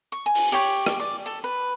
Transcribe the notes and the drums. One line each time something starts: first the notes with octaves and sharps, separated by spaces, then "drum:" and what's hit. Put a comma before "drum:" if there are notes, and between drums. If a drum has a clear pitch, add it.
C#6
G#5
drum: open hi-hat
G4 C#5 G5 C#6
drum: rim click
D5
A4
B4